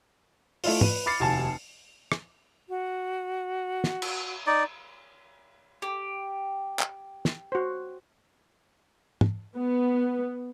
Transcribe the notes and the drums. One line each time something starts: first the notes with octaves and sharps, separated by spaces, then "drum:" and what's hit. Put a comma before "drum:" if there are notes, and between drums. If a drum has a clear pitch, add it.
A3 E4 F4, drum: open hi-hat
B4 D#7, drum: tom
B5 D6 F6 A6 C7 C#7
F1 D#2 F#4 G#5 A5 A6
drum: rim click
F#4
drum: snare
drum: cymbal
D#4 D5
G4
drum: clap
drum: snare
F#4 C5
drum: tom
B3